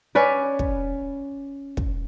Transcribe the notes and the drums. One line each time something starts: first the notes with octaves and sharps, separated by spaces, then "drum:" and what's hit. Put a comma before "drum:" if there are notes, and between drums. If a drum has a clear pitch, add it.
C#4 B4 D5
drum: kick
drum: kick